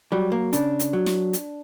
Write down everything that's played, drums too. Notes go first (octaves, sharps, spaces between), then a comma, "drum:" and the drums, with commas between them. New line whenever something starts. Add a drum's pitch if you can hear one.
F#3 G3
A#3
C#3 D4, drum: hi-hat
drum: hi-hat
F#3
drum: snare
drum: hi-hat